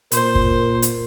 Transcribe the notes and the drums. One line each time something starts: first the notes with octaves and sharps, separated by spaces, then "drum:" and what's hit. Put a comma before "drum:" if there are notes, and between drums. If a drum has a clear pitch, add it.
A#2 A#4 C5, drum: hi-hat
drum: kick
drum: hi-hat